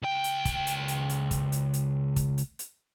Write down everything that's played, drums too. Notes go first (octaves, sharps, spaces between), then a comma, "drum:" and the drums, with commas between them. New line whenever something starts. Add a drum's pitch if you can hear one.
C#2 G5
drum: hi-hat
drum: kick, hi-hat
drum: hi-hat
drum: hi-hat
drum: hi-hat
drum: kick, hi-hat
drum: hi-hat
drum: hi-hat
drum: kick, hi-hat
drum: hi-hat
drum: hi-hat